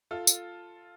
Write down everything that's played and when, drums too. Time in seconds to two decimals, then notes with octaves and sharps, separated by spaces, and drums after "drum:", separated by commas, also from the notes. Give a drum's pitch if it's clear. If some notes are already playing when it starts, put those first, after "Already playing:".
0.11 F4 A4
0.27 drum: tambourine